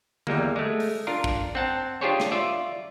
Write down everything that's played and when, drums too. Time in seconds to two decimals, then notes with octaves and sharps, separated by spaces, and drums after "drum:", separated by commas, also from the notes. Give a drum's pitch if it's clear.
0.27 E2 G3 G#3 A#3, drum: tom D3
0.56 G#3 A3
0.80 drum: open hi-hat
1.07 D4 F4 A#4
1.24 drum: kick
1.55 C4 F#5 A5
2.01 D4 F4 G4 G#4 C5 C#5
2.20 drum: snare
2.31 F4 D5 E5